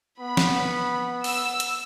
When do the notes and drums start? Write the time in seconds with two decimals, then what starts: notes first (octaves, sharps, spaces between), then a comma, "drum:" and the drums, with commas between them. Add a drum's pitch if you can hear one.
0.20 B3 B5
0.37 drum: snare
1.24 E6, drum: open hi-hat
1.60 drum: hi-hat